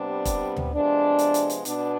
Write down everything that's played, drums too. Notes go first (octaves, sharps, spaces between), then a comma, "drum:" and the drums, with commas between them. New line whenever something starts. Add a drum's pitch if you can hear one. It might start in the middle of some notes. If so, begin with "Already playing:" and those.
Already playing: C3 G3 B3 D4
drum: kick E1, hi-hat
drum: tom D2
C3 F3 G#3 B3 D4
drum: hi-hat
drum: hi-hat
drum: hi-hat
B2 B3 D4, drum: hi-hat